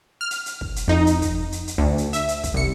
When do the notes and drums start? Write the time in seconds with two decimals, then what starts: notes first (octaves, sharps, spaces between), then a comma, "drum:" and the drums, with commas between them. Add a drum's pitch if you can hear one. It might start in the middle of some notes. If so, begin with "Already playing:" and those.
0.21 F6
0.31 drum: hi-hat
0.46 drum: hi-hat
0.61 drum: kick
0.76 drum: hi-hat
0.88 F2 D#4
1.07 drum: hi-hat
1.22 drum: kick, hi-hat
1.52 drum: hi-hat
1.67 drum: hi-hat
1.78 D2
1.98 drum: hi-hat
2.13 E5, drum: hi-hat
2.28 drum: hi-hat
2.44 drum: kick, hi-hat
2.54 C2 C#7